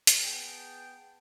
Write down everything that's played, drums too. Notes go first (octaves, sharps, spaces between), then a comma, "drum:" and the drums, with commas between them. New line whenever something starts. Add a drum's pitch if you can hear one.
drum: hi-hat
B3 G#4 G5 A5